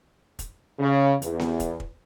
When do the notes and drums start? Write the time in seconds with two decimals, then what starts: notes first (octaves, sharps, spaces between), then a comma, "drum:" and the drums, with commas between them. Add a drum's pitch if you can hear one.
0.39 drum: kick, hi-hat
0.79 C#3
1.22 E2, drum: hi-hat
1.39 drum: snare B3
1.60 drum: kick, hi-hat
1.80 drum: kick